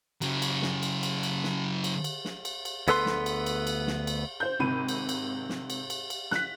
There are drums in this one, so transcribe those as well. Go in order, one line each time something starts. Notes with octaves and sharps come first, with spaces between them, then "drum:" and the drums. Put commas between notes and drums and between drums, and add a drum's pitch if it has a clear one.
C#3 F#3, drum: cymbal
drum: cymbal
drum: snare
drum: cymbal
drum: cymbal
drum: cymbal
drum: snare
drum: cymbal
drum: cymbal
drum: snare
drum: cymbal
drum: cymbal
D2 B3 A4 B4 B5 C6, drum: cymbal
drum: snare
drum: cymbal
drum: cymbal
drum: cymbal
drum: snare
drum: cymbal
C5 G6
G#1 C3 B5 D#7
drum: cymbal
drum: cymbal
drum: snare
drum: cymbal
drum: cymbal
drum: cymbal
F#6 B6, drum: snare